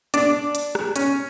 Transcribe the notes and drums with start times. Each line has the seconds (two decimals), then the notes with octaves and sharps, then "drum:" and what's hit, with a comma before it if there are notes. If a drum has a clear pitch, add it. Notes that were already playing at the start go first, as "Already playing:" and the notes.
0.14 D4, drum: hi-hat
0.55 drum: hi-hat
0.75 drum: rim click
0.96 C#4, drum: hi-hat